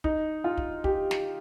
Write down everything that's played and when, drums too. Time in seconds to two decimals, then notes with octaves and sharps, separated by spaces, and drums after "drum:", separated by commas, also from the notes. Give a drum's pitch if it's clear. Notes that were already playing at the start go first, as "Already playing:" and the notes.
0.04 D#4, drum: kick
0.44 F4
0.58 drum: kick
0.84 G4, drum: kick
1.11 drum: snare